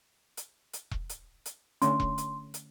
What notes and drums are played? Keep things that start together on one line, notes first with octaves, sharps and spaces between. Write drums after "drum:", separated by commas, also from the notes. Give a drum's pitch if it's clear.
drum: hi-hat
drum: hi-hat
drum: kick E1
drum: hi-hat
drum: hi-hat
D3 A3 C#4 C6, drum: hi-hat
drum: kick E1
drum: hi-hat
drum: hi-hat